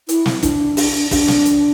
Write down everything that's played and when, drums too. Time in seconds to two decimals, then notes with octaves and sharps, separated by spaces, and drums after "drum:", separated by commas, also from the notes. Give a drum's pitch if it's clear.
0.09 E4, drum: hi-hat
0.26 drum: snare
0.43 D4, drum: kick, hi-hat
0.77 drum: open hi-hat
1.11 D4, drum: kick, open hi-hat
1.28 drum: snare
1.45 drum: hi-hat